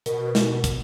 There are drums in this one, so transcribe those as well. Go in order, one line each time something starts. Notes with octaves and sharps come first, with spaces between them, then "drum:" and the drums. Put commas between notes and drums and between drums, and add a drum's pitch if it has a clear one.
B2 A#4, drum: hi-hat
drum: snare
drum: kick, hi-hat